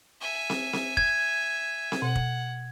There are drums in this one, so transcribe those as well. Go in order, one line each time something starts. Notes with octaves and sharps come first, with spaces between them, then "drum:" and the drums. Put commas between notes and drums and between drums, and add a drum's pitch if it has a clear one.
E5 G#5
drum: snare C4
drum: snare C4
G#6, drum: kick
drum: snare C4
B2 F#5
drum: kick